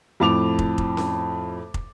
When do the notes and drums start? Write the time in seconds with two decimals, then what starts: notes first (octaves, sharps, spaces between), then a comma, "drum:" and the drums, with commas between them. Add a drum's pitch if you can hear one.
0.20 F2 A2 A5 D6 F7
0.59 drum: kick
0.78 drum: kick
0.97 drum: snare C#4
1.74 drum: kick